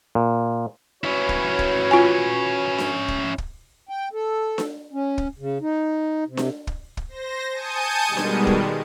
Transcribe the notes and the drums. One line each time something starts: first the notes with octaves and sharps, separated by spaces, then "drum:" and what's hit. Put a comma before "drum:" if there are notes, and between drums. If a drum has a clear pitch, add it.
A#2
C#4 E4 F#4 B4 C#5
drum: kick
drum: kick
F4 G#5
drum: snare D4
drum: kick
drum: kick
G5
A4
drum: snare D4
C#4
drum: kick
C#3
D#4
C3
drum: snare D4
drum: kick
drum: kick
C5 A#6
G#5 A5 D#6 G6 C#7 D#7
B2 D#3 G3 G#3
drum: snare D4
drum: kick